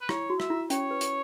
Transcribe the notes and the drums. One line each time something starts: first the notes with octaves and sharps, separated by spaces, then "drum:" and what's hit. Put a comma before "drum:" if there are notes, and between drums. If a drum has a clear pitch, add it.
B4
E4 C#5, drum: rim click
F#4
E5, drum: rim click
E4
C#4 C#5, drum: hi-hat
B4
drum: hi-hat